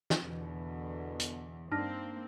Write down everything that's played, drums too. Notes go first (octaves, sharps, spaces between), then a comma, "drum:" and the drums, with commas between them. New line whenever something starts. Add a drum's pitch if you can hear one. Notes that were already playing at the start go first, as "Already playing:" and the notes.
drum: snare
E2 B2 D3
drum: hi-hat
G2 A#3 C4 D4 D#4 A5 F6 A#6